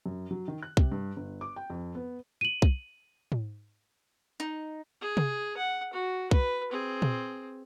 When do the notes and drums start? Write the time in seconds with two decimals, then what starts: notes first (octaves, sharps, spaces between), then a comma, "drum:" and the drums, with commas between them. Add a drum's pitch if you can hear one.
0.06 F#2
0.31 F#3
0.48 D#3
0.63 F#6
0.77 C3, drum: kick B1
0.92 G2
1.16 G1
1.41 D6
1.56 G5
1.70 F2
1.95 B3
2.41 D#7 F#7
2.62 drum: kick B1
3.32 drum: tom G#2
4.40 D#4
5.01 G#4
5.17 drum: tom C3
5.57 F#5
5.93 F#4
6.31 B4, drum: kick B1
6.71 C4 G#4
7.02 drum: tom A#2